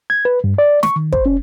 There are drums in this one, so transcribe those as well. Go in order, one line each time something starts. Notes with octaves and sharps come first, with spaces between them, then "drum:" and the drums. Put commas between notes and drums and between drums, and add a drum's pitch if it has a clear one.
G#6
B4
G2
D5
C#6, drum: snare
D#3
C5, drum: kick
C#4